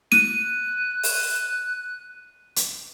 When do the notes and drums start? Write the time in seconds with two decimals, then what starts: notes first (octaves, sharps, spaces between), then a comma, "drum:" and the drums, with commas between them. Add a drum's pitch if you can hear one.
0.12 F#6 D#7, drum: snare
1.03 drum: open hi-hat
2.56 drum: hi-hat